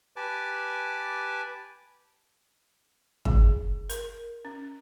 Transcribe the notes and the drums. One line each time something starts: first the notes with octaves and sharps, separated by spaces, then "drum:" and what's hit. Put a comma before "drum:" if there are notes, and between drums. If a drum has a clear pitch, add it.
G4 B4 G#5 A5 D6
G#4, drum: kick
A#4, drum: hi-hat
C#4